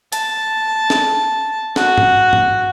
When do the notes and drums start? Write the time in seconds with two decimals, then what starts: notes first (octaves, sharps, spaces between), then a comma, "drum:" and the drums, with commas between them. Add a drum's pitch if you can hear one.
0.12 A5, drum: hi-hat
0.90 drum: snare
1.76 F#4, drum: snare
1.98 drum: tom G2
2.33 drum: tom G2